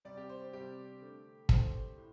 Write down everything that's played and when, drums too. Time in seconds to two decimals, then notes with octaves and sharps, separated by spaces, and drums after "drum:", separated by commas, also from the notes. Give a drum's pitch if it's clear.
0.05 C3 G3 D5
0.17 G4
0.29 C5
0.41 C5
0.53 C3 G3 G4
1.01 D3 A3
1.49 D3 A3 C5, drum: kick
1.98 A2